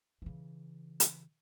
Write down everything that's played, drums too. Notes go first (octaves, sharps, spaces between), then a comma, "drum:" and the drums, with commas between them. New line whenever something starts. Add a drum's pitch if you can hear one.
C#3 E3
drum: hi-hat